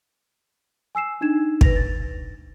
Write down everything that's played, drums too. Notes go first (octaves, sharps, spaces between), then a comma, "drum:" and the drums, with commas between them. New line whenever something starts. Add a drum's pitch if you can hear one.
G#5 E6 C7 E7
D4 D#4 G#6 E7
B4 A#6 F7, drum: kick
A6